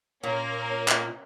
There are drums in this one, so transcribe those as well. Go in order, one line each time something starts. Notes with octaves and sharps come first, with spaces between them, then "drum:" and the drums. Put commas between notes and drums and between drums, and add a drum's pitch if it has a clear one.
A#2 A#3 C#4 A#4
drum: clap